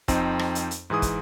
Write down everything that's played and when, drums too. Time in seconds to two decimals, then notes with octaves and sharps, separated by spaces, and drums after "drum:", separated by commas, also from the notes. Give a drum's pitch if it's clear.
0.08 F2 C4 D#4, drum: kick, hi-hat
0.39 drum: rim click
0.55 drum: hi-hat
0.71 drum: hi-hat
0.90 G#2 E3 G#4 D#6
1.02 drum: kick, hi-hat